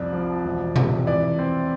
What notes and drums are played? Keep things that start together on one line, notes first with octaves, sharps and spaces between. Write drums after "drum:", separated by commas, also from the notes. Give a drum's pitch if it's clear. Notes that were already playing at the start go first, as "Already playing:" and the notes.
Already playing: C2 F2 D5
F3
E1
C3, drum: tom B2
E3 D5
C4